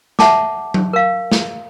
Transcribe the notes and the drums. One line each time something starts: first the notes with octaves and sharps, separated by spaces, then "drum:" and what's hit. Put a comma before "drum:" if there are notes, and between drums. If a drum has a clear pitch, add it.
E5 F#5 A5 D6, drum: snare
drum: tom F#3
A#4 F5
drum: snare